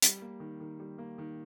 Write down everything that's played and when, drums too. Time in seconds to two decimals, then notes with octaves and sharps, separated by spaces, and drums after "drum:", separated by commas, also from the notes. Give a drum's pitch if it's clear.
0.02 G3, drum: hi-hat
0.22 A#3
0.40 D#3
0.61 D#3
0.80 G3
0.98 A#3
1.18 D#3